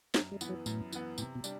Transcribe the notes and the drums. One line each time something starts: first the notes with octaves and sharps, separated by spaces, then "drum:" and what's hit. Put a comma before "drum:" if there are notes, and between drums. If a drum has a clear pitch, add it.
F#2 A3, drum: snare
G3
E3 B3, drum: tambourine
F#3
F#2 A2, drum: tambourine
E3 B3, drum: tambourine
A2 C3, drum: tambourine
B2
G3 D4, drum: tambourine